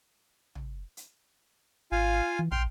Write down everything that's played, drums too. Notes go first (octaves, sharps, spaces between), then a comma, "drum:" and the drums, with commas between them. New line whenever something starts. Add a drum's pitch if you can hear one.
drum: tom
drum: hi-hat
G#1 F4 F5 G#5
E3
A#1 G5 C6 F6, drum: kick